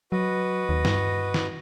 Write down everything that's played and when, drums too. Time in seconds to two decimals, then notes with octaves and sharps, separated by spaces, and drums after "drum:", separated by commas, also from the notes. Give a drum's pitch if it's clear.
0.12 F#3 F#4 B4 D#5
0.69 D#2
0.85 G2, drum: snare
1.34 drum: snare